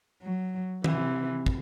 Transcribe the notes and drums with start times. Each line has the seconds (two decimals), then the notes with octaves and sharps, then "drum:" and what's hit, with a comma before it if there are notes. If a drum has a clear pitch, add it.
0.23 F#3
0.84 C3 E3, drum: tom D#3
1.46 drum: kick